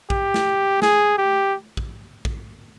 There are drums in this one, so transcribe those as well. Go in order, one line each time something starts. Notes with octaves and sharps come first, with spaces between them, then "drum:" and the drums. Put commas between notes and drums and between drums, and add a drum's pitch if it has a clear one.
G4, drum: kick
drum: snare
G#4, drum: snare
G4
drum: kick
drum: kick